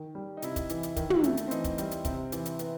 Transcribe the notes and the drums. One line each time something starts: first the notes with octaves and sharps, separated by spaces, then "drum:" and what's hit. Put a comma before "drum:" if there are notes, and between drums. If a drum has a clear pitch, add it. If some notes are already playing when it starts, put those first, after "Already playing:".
Already playing: D#3
G3
D#4
C3 E4, drum: hi-hat
drum: kick, hi-hat
E3, drum: hi-hat
drum: hi-hat
D#3, drum: kick, hi-hat
drum: tom
A3, drum: hi-hat
drum: hi-hat
C4
E3 D#4, drum: hi-hat
drum: kick, hi-hat
G3, drum: hi-hat
drum: hi-hat
C3 C4, drum: kick, hi-hat
E3, drum: hi-hat
drum: hi-hat
B3, drum: hi-hat